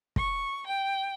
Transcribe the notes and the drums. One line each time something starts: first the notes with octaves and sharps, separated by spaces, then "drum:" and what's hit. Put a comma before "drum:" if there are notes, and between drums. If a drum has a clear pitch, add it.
C#6, drum: kick
G5